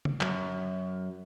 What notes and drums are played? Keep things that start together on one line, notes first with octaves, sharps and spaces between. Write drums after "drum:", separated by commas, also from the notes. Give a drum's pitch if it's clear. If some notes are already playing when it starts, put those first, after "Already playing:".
drum: tom C#3
F#2, drum: clap